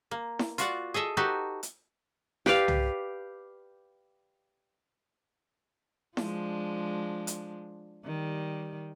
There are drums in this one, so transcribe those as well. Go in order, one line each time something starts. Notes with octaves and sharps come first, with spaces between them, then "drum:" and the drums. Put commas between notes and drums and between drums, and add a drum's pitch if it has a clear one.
A#3
drum: snare E4
F4 F#4 D5 F#5, drum: hi-hat
G#4 A4 D#5 E5
D#4 F#4 G4 A4 B4
drum: hi-hat
G4 B4 D5 F5, drum: snare E4
drum: tom
F3 G#3 D4, drum: snare E4
drum: hi-hat
D#3 G3